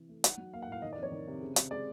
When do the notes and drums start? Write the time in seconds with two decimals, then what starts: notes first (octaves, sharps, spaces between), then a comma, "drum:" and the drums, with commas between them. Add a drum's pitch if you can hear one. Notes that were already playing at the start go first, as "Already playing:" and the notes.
Already playing: C3 E3
0.09 A3
0.24 D#4 F#5, drum: hi-hat
0.38 F#3
0.53 A#3 F5
0.62 F#5
0.67 A2 F5
0.82 D#3 D#5
0.93 D5
0.98 F2
1.03 C#5
1.12 D#3
1.27 C3
1.42 C#3
1.56 C#3, drum: hi-hat
1.71 G#3 D5